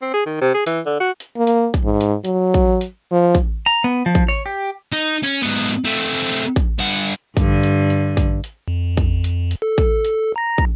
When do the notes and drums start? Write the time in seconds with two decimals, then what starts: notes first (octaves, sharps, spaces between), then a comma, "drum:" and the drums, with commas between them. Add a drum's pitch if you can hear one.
0.02 C4
0.14 G#4
0.26 D#3
0.42 C3
0.54 G#4
0.66 E3, drum: hi-hat
0.86 D3
1.00 F#4
1.20 drum: hi-hat
1.37 A#3
1.47 drum: hi-hat
1.74 drum: kick, hi-hat
1.84 G#2
2.01 drum: hi-hat
2.25 F#3, drum: hi-hat
2.54 drum: kick, hi-hat
2.81 drum: hi-hat
3.12 F3
3.35 drum: kick, hi-hat
3.66 A#5
3.84 B3
4.06 F3
4.15 drum: kick, hi-hat
4.28 C#5
4.46 G4
4.92 D#4
5.23 C#4, drum: hi-hat
5.42 G#2 B3
5.85 A3 C4
6.03 drum: hi-hat
6.29 drum: hi-hat
6.56 drum: kick, hi-hat
6.79 G2 F#5
7.10 drum: hi-hat
7.37 G2 D3, drum: kick, hi-hat
7.63 drum: hi-hat
7.90 drum: hi-hat
8.17 drum: kick, hi-hat
8.44 drum: hi-hat
8.68 F2
8.97 drum: kick, hi-hat
9.24 drum: hi-hat
9.51 drum: hi-hat
9.62 A4
9.78 drum: kick, hi-hat
10.05 drum: hi-hat
10.36 A#5 A#6
10.58 drum: kick